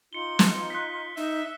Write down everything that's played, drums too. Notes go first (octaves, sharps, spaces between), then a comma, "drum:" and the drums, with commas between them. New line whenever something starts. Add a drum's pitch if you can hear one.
D#4 F4 C6 C#7 G7
drum: snare
F#6 B6
D#4 E5